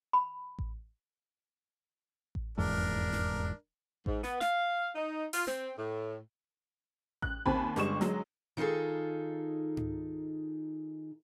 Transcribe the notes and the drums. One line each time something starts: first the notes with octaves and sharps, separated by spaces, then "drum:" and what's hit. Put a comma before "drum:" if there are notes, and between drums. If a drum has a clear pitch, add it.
B5
drum: kick A1
drum: kick A1
F1 E2 G#2 D4 A#4
drum: snare
G#2, drum: kick A1
B3, drum: snare
F5, drum: snare
D#4
F4, drum: open hi-hat
C4, drum: snare
A2
F#6, drum: kick A1
D#2 C4 G#5 A5 B5, drum: kick A1
G1 G3 G#3 C#6 E7, drum: snare
F#3 G#3, drum: snare
D#3 D#4 F4 G#4 A4
drum: tom G#2